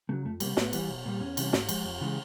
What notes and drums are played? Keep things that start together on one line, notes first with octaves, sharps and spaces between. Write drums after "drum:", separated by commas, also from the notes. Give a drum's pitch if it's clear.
C#3 F#3 A3
F2 A3
C3 E3 G3 A#3, drum: cymbal
A2 B3, drum: snare
E3 G3, drum: cymbal
B1
A#2 G3
E2 C#4
C3 E3 G3, drum: cymbal
G#2, drum: snare
F3 G#3, drum: cymbal
F2
C#3 E3 G#3